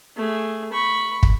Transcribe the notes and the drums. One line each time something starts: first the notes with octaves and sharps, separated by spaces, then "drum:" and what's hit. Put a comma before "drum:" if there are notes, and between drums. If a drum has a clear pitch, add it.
A3 G#4
B5 C#6
drum: kick